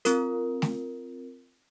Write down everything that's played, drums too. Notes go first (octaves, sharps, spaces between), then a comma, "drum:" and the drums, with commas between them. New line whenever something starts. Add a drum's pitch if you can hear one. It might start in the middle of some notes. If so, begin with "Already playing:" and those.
C4 F4 A#4, drum: hi-hat
drum: snare A3